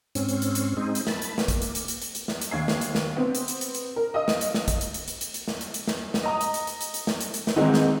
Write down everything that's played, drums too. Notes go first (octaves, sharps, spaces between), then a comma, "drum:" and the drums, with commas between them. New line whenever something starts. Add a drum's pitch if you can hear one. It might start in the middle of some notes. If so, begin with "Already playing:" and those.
G#2 C4 C#4, drum: hi-hat
drum: hi-hat
drum: hi-hat
drum: hi-hat
G#3 C4 D#4
drum: hi-hat
A5 B5, drum: snare
drum: hi-hat
A#3, drum: snare
drum: kick, hi-hat
drum: hi-hat
drum: hi-hat
drum: hi-hat
drum: hi-hat
drum: hi-hat
drum: snare
drum: hi-hat
D#2 G#6 C7
drum: snare
drum: hi-hat
drum: snare
B3 C4
drum: hi-hat
drum: hi-hat
drum: hi-hat
drum: hi-hat
A#4
D#5 F5 D#6
drum: snare
drum: hi-hat
drum: snare
drum: kick, hi-hat
drum: hi-hat
drum: hi-hat
drum: hi-hat
drum: hi-hat
drum: hi-hat
drum: snare
drum: hi-hat
drum: hi-hat
drum: snare
drum: snare
D#5 A#5 D#6
drum: hi-hat
drum: hi-hat
drum: hi-hat
drum: hi-hat
drum: hi-hat
drum: snare
drum: hi-hat
drum: hi-hat
drum: snare
G#2 D#3 E3 G#3 C4 D#4
drum: snare